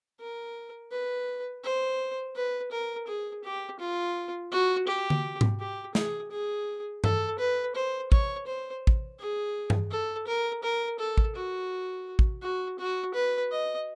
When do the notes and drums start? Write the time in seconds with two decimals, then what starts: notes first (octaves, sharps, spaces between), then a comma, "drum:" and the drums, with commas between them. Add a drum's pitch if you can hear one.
0.20 A#4
0.92 B4
1.64 C5
2.36 B4
2.72 A#4
3.08 G#4
3.44 G4
3.80 F4
4.51 F#4
4.88 G4
5.10 drum: tom D3
5.41 drum: tom G#2
5.60 G4
5.95 G#4, drum: snare
6.31 G#4
7.04 A4, drum: tom G2
7.39 B4
7.75 C5
8.12 C#5, drum: kick
8.47 C5
8.87 drum: kick
9.20 G#4
9.70 drum: tom G2
9.91 A4
10.27 A#4
10.63 A#4
10.99 A4
11.18 drum: kick
11.36 F#4
12.19 drum: kick
12.43 F#4
12.79 F#4
13.14 B4
13.52 D#5